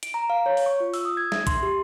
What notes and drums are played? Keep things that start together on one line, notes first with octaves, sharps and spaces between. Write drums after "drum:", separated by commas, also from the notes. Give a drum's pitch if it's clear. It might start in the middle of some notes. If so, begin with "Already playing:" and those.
D7, drum: hi-hat
A#5
F5
C#5
drum: open hi-hat
C#6
F4
E6, drum: open hi-hat
D#6
G#6
E5, drum: snare
C6, drum: kick B1, hi-hat
G4